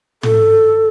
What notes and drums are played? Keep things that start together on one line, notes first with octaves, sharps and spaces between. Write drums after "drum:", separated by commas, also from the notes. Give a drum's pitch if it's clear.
A4, drum: tom